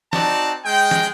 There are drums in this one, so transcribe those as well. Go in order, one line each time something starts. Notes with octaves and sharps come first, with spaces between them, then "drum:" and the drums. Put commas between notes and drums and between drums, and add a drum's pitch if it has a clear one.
C4 D#4 F#4 D5 A5, drum: snare
G#3 G5
drum: snare